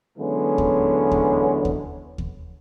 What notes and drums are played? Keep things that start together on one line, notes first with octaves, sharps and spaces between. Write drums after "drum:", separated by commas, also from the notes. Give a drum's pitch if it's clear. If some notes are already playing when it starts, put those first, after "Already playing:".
D3 E3 F#3 G#3 B3 C#4
drum: kick D#2
drum: kick D#2
drum: kick D#2
drum: kick D#2